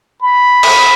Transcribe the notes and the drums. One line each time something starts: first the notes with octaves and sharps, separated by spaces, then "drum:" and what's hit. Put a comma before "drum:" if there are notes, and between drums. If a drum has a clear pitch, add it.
B5
drum: cymbal